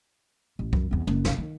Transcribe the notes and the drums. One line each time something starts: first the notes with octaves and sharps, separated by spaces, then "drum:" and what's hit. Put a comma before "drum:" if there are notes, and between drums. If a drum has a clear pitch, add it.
A1
F#2, drum: kick C2
E2 C4
F#1, drum: tom
F#2 C#3, drum: snare
D#3